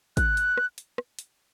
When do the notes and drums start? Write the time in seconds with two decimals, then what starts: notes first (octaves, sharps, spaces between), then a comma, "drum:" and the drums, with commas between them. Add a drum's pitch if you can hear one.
0.17 F#6, drum: kick A1, hi-hat
0.37 drum: hi-hat
0.57 drum: rim click
0.78 drum: hi-hat
0.98 drum: rim click
1.19 drum: hi-hat